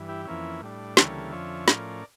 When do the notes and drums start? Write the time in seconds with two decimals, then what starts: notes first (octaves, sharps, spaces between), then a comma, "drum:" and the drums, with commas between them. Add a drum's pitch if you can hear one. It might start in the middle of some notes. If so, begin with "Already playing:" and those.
Already playing: G2 E3
0.09 E4 G4
0.25 F2 E3 A#3 C#4 E4
0.61 A2 G3 D4
0.97 D2 C#3 E3 G3 A#3 A4 C#5, drum: snare
1.32 F2 D3 F3 C#4 C#5 E5
1.68 A2 F3 C#4 A#4 D5, drum: snare